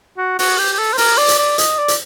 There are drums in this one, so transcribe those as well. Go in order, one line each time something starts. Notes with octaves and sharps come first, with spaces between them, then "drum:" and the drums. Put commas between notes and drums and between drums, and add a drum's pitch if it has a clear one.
F#4
F#4, drum: open hi-hat
G4
G4
A4
C5
A#4, drum: open hi-hat
D5
drum: hi-hat
D5
D#5, drum: hi-hat
D5
drum: hi-hat